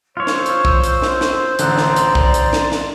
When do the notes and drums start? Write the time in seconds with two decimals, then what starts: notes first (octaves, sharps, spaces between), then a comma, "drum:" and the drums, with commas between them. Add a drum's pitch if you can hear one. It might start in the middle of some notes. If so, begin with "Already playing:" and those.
0.17 F4 C5 C#5 E6
0.27 drum: snare
0.46 drum: hi-hat
0.65 drum: kick
0.84 drum: hi-hat
1.02 drum: snare
1.21 drum: snare
1.59 A1 D3 D5 A#5 C6 F#6, drum: hi-hat
1.78 drum: snare
1.96 drum: hi-hat
2.15 drum: kick
2.34 drum: hi-hat
2.53 drum: snare
2.72 drum: snare